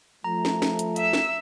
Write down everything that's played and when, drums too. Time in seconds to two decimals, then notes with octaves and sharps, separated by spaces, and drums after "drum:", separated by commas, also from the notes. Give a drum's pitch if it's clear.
0.24 F3 A3 A#5
0.45 drum: snare
0.62 drum: snare
0.79 drum: hi-hat
0.96 E5 E6, drum: hi-hat
1.13 drum: snare